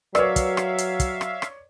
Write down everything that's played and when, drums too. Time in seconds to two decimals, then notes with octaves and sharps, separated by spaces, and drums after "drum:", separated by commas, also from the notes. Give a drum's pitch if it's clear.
0.15 F#3 A#4 B4 C#5 D5 E5 F5, drum: rim click
0.36 drum: kick, hi-hat
0.57 drum: rim click
0.78 drum: hi-hat
1.00 drum: kick, hi-hat
1.21 drum: rim click
1.42 drum: rim click